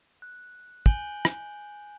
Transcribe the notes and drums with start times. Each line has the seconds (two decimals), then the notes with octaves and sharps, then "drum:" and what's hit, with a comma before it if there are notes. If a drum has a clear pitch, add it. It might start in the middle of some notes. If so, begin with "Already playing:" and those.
0.22 F#6
0.86 G#5 G6 D7 F#7 G7, drum: kick
1.25 drum: rim click